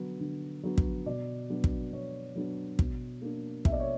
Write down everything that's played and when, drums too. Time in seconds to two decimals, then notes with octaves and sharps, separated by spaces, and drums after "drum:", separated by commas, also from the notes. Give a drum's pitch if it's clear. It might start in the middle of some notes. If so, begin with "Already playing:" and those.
Already playing: D3 F#3 B3 D4
0.20 D3
0.63 F#3 B3 D4
0.78 drum: kick
1.06 B2 D5
1.50 F#3 B3 D4
1.64 drum: kick
1.93 B2 C#5
2.35 F#3 B3 D4
2.79 B2, drum: kick
3.22 A#3 D4
3.65 B2 E5, drum: kick
3.72 D5
3.80 C#5